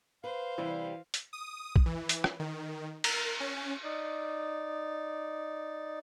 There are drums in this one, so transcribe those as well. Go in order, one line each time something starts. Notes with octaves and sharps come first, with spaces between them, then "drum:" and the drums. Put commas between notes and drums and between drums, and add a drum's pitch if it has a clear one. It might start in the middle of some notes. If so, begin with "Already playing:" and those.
B4 C5 F5
C3 E3 G3
drum: hi-hat
D#6
drum: kick
E3
drum: hi-hat
drum: rim click
D#3
A#4, drum: cymbal
C#4
D#4 D5